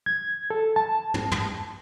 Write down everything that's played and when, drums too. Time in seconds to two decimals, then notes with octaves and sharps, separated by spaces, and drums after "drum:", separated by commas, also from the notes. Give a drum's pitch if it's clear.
0.06 G#6
0.50 A4
0.76 A5
1.14 drum: tom
1.32 drum: tom